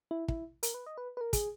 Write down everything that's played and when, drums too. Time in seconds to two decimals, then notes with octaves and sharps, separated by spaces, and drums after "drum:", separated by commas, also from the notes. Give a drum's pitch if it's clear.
0.11 E4
0.28 E4, drum: kick
0.63 A#4, drum: hi-hat
0.74 B4
0.86 D#5
0.98 B4
1.17 B4
1.21 A#4
1.33 G#4, drum: kick, hi-hat